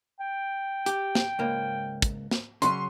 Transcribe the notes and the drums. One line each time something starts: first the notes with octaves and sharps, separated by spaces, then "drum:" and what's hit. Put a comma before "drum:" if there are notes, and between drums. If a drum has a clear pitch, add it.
G5
G4, drum: hi-hat
drum: snare
C#2 G#2 A#3
drum: kick, hi-hat
drum: snare
C#3 F#3 C#4 C6, drum: hi-hat